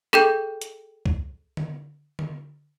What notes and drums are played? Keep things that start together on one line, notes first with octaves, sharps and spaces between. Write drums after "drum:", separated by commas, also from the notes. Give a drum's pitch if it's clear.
G#4 A4 G5 G6, drum: rim click
drum: hi-hat
drum: kick C2
drum: tom D3
drum: tom D3